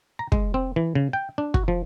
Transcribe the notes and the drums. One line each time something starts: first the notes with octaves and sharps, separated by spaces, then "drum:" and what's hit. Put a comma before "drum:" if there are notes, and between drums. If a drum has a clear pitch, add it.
A#5
G#3, drum: kick
C4
E3
C#3
G5
D4
F#4, drum: kick
F3